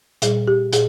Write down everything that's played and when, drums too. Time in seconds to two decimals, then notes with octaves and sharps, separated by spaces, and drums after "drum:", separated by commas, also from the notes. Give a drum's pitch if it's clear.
0.22 A#2 G3 G#4, drum: hi-hat
0.47 G4
0.73 A#2 G#4, drum: hi-hat